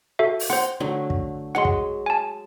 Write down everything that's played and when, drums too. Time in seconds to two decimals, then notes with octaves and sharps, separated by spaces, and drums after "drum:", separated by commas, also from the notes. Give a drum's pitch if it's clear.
0.19 F#4 A4 E5
0.40 drum: open hi-hat
0.50 C5 F#5 G5 C6 D6
0.80 D3 F#3 A3
1.10 drum: kick
1.55 F#3 G#3 F#5 C6
1.65 drum: kick
2.06 G#5 A5